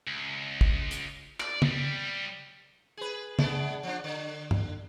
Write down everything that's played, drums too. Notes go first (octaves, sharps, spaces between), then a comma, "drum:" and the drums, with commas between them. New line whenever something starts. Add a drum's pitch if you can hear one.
C#2
drum: kick
drum: hi-hat
D5, drum: clap
C2 G3, drum: tom C#3
G#4 B4
G#3 B3 D4, drum: tom C#3
F3 D4
D3
drum: tom G2